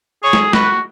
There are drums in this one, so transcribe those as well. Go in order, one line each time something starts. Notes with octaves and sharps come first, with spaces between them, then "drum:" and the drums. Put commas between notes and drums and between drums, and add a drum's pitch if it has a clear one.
G#4 C#5
drum: snare
F#4 B4, drum: snare